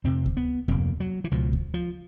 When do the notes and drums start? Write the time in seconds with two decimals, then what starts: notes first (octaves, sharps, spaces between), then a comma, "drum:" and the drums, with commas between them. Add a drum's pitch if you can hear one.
0.04 F2 C3 C4
0.26 drum: kick D2
0.37 B3
0.68 F2 C3 A#3, drum: kick D2
1.00 F#3
1.24 E3
1.31 C#2 B2 F3
1.53 drum: kick D2
1.74 F3